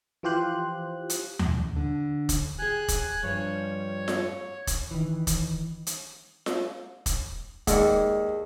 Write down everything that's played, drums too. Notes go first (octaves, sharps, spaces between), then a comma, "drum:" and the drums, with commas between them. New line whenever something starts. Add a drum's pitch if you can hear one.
E3 F3 F4 G4 C5 F#6
drum: hi-hat
drum: tom D#2
D3
drum: kick E1, hi-hat
G4 G#4 G#5 F#6
drum: kick E1, hi-hat
G2 F3 G3 C#5
drum: snare F4
drum: kick E1, hi-hat
D#3 E3
drum: kick E1, hi-hat
drum: hi-hat
drum: snare F4
drum: kick E1, hi-hat
D#2 G#3 G#4 D5 C#7, drum: kick E1, hi-hat